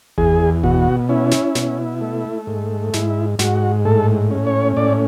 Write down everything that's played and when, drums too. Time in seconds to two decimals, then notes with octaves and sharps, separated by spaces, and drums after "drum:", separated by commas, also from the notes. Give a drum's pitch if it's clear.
0.18 E2 G#4, drum: kick G1
0.63 B2 F#4, drum: kick G1
1.09 C#4 E4
1.31 drum: snare
1.55 B2, drum: snare
2.01 A3
2.47 G#2
2.93 G#2 E4, drum: snare
3.39 G#2 F#4, drum: snare
3.85 A2 A4
4.31 C#4
4.47 C#5
4.77 A2 D5